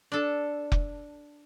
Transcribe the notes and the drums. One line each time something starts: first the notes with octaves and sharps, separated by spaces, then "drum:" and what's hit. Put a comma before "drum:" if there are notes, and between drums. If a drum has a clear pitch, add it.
D4 A4
drum: kick F1